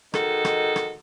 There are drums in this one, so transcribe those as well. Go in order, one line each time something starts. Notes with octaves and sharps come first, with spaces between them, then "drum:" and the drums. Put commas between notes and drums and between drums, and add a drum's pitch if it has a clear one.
D#3 G#3 F#4 A4, drum: rim click
drum: rim click
drum: rim click